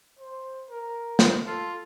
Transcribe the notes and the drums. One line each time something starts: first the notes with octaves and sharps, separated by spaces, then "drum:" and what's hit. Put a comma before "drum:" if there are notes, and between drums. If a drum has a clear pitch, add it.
C5
A#4
drum: snare
F4 A4